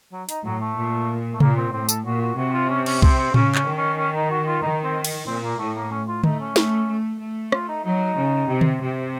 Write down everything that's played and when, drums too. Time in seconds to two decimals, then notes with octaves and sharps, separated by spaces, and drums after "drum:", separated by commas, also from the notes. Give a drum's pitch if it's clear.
0.12 F#3
0.29 D#4, drum: hi-hat
0.44 A2 F#3
0.61 A3
0.77 A#2
1.33 A3
1.40 A#2 A#3, drum: tom C3
1.57 C4
1.73 A2 C4
1.89 A4, drum: tambourine
2.05 A#2 F#4
2.21 F#4
2.38 C3 F#4
2.53 F4
2.69 C#4
2.86 C#4, drum: cymbal
3.02 C4, drum: kick
3.19 C4
3.34 C#3 C#4, drum: tom A2
3.55 C#4, drum: clap
3.66 D#3
3.77 C#4
3.98 C#4
4.15 D#4
4.30 F#4
4.47 F4
4.62 D#3 D#4
4.84 C4
5.05 drum: cymbal
5.26 A#2 C4
5.44 A#3
5.59 A2 A3
5.76 A#3
5.91 C#4
6.08 F4
6.23 A3 D#4, drum: tom D3
6.40 C#4
6.56 A3, drum: snare
6.88 A3
7.19 A3
7.52 F4, drum: rim click
7.68 D#4
7.84 F#3 D#4
8.17 C#3
8.49 C3
8.61 drum: tom D3
8.81 C3